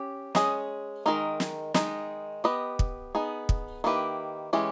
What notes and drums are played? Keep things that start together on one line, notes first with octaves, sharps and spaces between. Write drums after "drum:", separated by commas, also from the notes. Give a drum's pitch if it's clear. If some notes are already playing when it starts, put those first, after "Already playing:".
Already playing: C#4 G4
G#3 C#4 G#4 D#5, drum: snare
D#3 G#3 D#4 A#4
drum: snare
D#3 G#3 D#4, drum: snare
B3 G4 B4 D#5
drum: kick
B3 D#4 G#4
drum: kick
D#3 A#3 E4 G4 B4
E3 G#3 C#4 G4